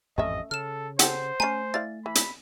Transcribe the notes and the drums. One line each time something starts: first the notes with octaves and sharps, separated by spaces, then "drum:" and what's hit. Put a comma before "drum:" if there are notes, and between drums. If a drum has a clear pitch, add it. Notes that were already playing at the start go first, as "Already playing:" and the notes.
A1 F2 G#2 A3 C#4 D#5 E5
C#3 A4 F6 E7
C#4 G4 A4 C5 F#5, drum: hi-hat
A3 C#4 G#5 A#5 C7
E4 D5 F5 A6
E3 B5
drum: hi-hat